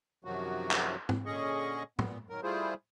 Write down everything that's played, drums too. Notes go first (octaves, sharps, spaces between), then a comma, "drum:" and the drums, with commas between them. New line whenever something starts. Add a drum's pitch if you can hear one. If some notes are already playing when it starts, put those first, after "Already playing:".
F#2 C3 D#3 F3 F#3 F#4
drum: clap
drum: tom G#2
A#2 D3 C#4 G#4 D#5 C#6
A#2 B3, drum: tom
D#3 F#3 A#4
G3 A3 E4 F4 G#4 C5